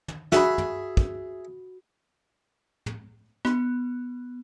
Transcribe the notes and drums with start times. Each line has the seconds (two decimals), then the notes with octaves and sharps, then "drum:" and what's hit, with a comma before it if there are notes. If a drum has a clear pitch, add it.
0.08 drum: tom
0.32 F#4 G#4 E5 B5, drum: snare
0.58 drum: tom
0.97 drum: kick
2.86 drum: tom
3.45 B3, drum: rim click